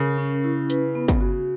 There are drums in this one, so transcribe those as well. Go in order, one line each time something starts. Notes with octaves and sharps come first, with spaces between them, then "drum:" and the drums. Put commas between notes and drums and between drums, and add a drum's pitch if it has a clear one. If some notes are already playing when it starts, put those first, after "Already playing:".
Already playing: C#3 A#4
C#4
E4
B4, drum: hi-hat
B3
drum: kick, hi-hat
F#4